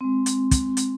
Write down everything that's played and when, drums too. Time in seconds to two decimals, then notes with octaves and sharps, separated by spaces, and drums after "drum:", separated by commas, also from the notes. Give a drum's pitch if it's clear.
0.01 G#3 C4
0.26 drum: hi-hat
0.51 drum: kick, hi-hat
0.77 drum: hi-hat